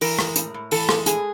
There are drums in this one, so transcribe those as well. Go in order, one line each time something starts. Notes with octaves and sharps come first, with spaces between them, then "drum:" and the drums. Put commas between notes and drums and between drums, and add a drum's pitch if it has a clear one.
E3 A#4, drum: open hi-hat
G#3, drum: rim click
A2, drum: hi-hat
A2
E3 A4, drum: open hi-hat
G#3, drum: rim click
A2 G#4, drum: hi-hat